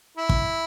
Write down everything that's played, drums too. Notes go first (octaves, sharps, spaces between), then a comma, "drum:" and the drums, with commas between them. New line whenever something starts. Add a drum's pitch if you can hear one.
E4
drum: kick